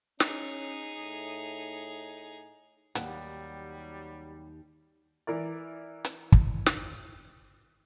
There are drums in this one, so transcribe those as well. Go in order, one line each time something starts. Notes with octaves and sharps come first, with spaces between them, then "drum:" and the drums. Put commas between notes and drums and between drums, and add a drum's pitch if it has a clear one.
C#4 D#4 G#4, drum: snare
A2
D#2 F#3 G3 F#5, drum: hi-hat
E3 A#4 D5
drum: hi-hat
drum: kick
drum: snare